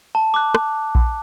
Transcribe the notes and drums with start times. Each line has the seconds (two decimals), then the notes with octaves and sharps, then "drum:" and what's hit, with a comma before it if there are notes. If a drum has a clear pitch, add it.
0.15 A5
0.34 D6 F#6
0.55 drum: rim click
0.95 drum: kick A#1